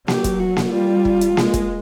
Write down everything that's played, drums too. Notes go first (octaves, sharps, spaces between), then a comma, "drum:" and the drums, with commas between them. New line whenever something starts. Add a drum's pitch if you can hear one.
F#3 G4, drum: snare A#3
drum: kick, hi-hat
F#4
drum: snare A#3
G3 F4
drum: kick
drum: hi-hat
G#3, drum: snare A#3
drum: kick, hi-hat